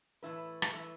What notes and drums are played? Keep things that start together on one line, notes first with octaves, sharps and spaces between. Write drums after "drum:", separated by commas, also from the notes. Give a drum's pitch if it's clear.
A2 E3 A3 E4 B4
drum: rim click
A2 E3 A3 E4 B4